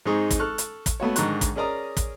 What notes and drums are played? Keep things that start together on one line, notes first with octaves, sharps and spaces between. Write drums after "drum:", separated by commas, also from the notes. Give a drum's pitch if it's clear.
G#2 C4 D#4 G#4 C#6
drum: kick, hi-hat
A4 C#6 F6 F#6
drum: hi-hat
drum: kick, hi-hat
A3 B3 F#4 C#5
G#2 D3 D#3 A#5 C#6 F#6, drum: hi-hat
drum: kick, hi-hat
C#4 G#4 A#4 D5 A#5 D#6
drum: kick, hi-hat